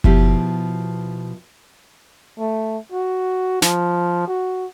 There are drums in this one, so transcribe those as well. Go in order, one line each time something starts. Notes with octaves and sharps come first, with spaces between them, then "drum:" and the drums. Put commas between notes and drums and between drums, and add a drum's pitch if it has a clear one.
B2 F3 E4 G4, drum: kick F#1
A3
F#4
F3, drum: snare
F#4